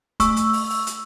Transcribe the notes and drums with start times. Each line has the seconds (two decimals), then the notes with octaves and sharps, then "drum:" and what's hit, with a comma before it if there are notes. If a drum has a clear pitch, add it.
0.20 A3 C#6 E6, drum: kick F1, hi-hat
0.36 drum: hi-hat
0.53 drum: open hi-hat
0.70 drum: open hi-hat
0.87 drum: hi-hat